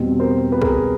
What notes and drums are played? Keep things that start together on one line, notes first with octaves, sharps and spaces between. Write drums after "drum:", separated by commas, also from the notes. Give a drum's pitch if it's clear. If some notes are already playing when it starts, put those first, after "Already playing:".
Already playing: E2 B2 G3 C4
A#4 C5
B4
G#4 A#4, drum: kick